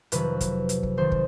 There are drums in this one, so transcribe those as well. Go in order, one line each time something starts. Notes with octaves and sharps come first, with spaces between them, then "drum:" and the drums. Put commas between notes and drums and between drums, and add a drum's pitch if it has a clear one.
F2 C3 D#3 F#3 B4, drum: hi-hat
drum: kick, hi-hat
drum: hi-hat
drum: kick
D#2 D#3 G3 C5
drum: kick